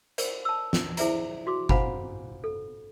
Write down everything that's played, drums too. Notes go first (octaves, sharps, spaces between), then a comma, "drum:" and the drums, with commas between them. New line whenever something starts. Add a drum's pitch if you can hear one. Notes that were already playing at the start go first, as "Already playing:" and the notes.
A#4 C5 D5, drum: hi-hat
A5 E6
drum: snare
E4 G#4 C5 D5 E5 A#5, drum: hi-hat
F#4 C6 D6
C5 F5 F#5 G#5 A#5 B5, drum: kick G1
A4